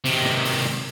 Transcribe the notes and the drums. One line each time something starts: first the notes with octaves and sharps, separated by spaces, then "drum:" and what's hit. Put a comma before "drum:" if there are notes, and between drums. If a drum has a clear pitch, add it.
C3 D#3, drum: open hi-hat
drum: snare
drum: open hi-hat
drum: snare